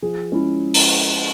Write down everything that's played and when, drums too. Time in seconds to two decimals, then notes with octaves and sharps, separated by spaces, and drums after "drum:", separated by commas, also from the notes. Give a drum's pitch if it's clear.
0.02 F3 G#4
0.32 G#3 C#4 E4
0.74 drum: open hi-hat